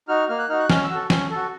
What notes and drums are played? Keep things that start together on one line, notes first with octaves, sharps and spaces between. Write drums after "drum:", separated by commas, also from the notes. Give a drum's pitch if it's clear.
D#4 F#4 F6
A#3 F6
F#6
D#4 F#4 F6
F#6
C#4 F6, drum: snare
E6
F#4
A4
C#4, drum: snare
F#4 A4